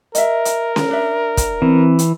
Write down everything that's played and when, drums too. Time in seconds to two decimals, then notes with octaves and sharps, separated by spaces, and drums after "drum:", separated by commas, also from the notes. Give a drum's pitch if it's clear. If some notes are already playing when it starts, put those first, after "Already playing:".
0.15 A#4 D#5 E5, drum: hi-hat
0.45 drum: hi-hat
0.76 drum: snare C#4
0.91 D4 E5
1.37 drum: kick, hi-hat
1.62 E3 C4
1.99 drum: hi-hat